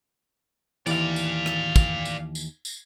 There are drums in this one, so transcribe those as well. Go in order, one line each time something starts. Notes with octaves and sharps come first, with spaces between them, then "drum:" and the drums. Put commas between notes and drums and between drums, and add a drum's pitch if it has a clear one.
D#2 E3 D5 F5, drum: tambourine
drum: tambourine
drum: rim click
drum: kick, tambourine
drum: tambourine
drum: tambourine
drum: tambourine